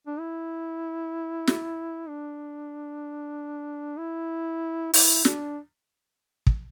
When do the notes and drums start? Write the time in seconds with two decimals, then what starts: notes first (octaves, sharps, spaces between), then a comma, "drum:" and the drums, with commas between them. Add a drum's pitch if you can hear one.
0.07 D4
0.19 E4
1.47 drum: snare
2.09 D4
3.98 E4
4.94 E4, drum: open hi-hat
5.25 D4, drum: snare
6.47 drum: kick